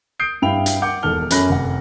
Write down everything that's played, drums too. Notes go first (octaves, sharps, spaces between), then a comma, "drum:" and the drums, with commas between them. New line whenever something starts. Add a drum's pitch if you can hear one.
D#6 G6 C7 D7
G2 E4 F5 G5 B5 F7
drum: hi-hat
F#5 D6 G6 C#7
E1 D#3 A4 F6 G7
F#2 C#4 A4 B5 F#6 A#6, drum: hi-hat
F1 F#5